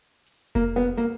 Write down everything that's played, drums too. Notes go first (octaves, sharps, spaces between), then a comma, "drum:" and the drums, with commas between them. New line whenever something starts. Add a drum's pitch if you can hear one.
drum: open hi-hat
A#3, drum: kick F1, hi-hat
B3
A#3, drum: hi-hat